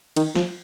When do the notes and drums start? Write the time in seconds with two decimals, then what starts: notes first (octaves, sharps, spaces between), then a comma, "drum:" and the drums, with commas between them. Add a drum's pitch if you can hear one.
0.16 D#3, drum: cymbal
0.35 F3, drum: snare